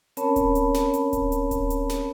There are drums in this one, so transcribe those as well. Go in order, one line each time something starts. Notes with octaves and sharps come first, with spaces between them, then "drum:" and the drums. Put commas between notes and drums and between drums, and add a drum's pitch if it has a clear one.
C4 C#4 A#4 C#5 A5 B5, drum: hi-hat
drum: kick D1, hi-hat
drum: hi-hat
drum: snare
drum: hi-hat
drum: kick D1, hi-hat
drum: hi-hat
drum: kick D1, hi-hat
drum: hi-hat
drum: snare